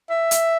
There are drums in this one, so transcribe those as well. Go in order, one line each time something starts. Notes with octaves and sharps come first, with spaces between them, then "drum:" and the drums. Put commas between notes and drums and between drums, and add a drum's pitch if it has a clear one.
E5
drum: hi-hat